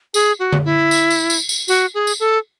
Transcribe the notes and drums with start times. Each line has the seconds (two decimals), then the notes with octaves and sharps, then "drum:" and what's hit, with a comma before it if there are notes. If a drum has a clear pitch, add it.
0.14 G#4, drum: tambourine
0.39 F#4
0.52 drum: tom D3
0.65 E4
0.91 drum: tambourine
1.10 drum: tambourine
1.30 drum: tambourine
1.49 drum: tambourine
1.68 F#4, drum: tambourine
1.95 G#4
2.07 drum: tambourine
2.20 A4